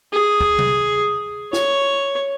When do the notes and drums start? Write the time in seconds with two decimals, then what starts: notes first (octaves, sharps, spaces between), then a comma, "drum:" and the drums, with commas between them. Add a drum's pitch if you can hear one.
0.13 G#4
0.41 drum: kick
0.59 drum: tom C3
1.53 C#5, drum: snare